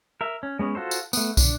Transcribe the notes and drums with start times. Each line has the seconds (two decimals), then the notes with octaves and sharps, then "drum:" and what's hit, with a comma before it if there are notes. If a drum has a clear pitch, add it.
0.21 A#4 E5
0.43 C#4
0.59 G#3 B3 C#4
0.75 F4 F#4 A4 C5
0.91 drum: tambourine
1.13 A3 B3, drum: tambourine
1.37 D4, drum: kick, tambourine